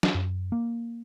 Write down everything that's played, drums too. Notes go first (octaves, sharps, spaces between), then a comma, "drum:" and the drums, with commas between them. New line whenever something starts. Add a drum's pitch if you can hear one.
drum: snare
F#2
A#3